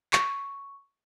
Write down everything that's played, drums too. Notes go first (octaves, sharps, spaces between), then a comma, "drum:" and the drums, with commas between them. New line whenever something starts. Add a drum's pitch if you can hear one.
C#6, drum: clap